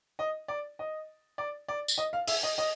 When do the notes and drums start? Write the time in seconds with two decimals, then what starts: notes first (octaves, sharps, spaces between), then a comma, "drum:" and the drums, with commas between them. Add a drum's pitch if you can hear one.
0.19 D#5
0.48 D5
0.79 D#5
1.38 D5
1.68 D5
1.88 drum: tambourine
1.98 D#5
2.13 F5
2.28 E5, drum: open hi-hat
2.43 D#5
2.58 D#5